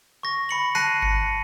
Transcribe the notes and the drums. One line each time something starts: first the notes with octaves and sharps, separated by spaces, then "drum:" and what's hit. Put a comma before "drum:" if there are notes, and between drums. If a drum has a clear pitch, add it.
C#6 A#6
B5 C#7 F#7
A5 F#6 A#6 C7 D#7, drum: open hi-hat
C#7, drum: kick G1